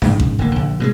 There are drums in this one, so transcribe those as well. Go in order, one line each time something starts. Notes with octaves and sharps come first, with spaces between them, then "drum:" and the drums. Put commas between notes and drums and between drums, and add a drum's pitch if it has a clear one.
A#1 G#2 C#3, drum: snare D4
drum: kick A1
D#1 D3 A#3
A#1 D3
B2 G3 G#3